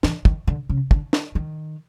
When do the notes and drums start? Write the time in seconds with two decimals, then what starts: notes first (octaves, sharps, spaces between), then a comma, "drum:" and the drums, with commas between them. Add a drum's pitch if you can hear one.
0.03 E3, drum: snare
0.25 D#3, drum: kick
0.47 D3
0.69 C#3
0.91 D3, drum: kick
1.13 drum: snare
1.35 D#3